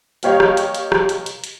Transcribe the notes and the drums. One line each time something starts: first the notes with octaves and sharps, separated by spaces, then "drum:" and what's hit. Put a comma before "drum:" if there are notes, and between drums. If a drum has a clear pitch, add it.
G3 A#3 G4 C#5 D#5 F5, drum: hi-hat
drum: rim click
drum: hi-hat
drum: hi-hat
drum: rim click
drum: hi-hat
drum: hi-hat
drum: hi-hat